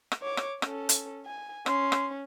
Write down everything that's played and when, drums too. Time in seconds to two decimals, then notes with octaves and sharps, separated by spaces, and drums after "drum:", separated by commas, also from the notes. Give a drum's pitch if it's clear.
0.12 drum: rim click
0.22 C#5 D6
0.37 drum: rim click
0.62 C#4 A4, drum: rim click
0.89 drum: hi-hat
1.25 G#5
1.66 C#4 C6, drum: rim click
1.92 drum: rim click